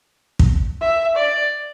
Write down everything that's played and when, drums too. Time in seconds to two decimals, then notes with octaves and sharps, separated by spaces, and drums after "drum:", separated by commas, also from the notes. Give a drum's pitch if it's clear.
0.39 drum: kick
0.81 E5
1.16 D5